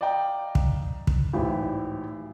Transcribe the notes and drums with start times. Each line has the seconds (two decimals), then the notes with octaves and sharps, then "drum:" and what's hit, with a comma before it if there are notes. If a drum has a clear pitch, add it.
0.01 D5 D#5 F5 G5 A#5
0.55 drum: kick
1.07 drum: kick
1.33 G#1 A2 E3 F#3 E4 G4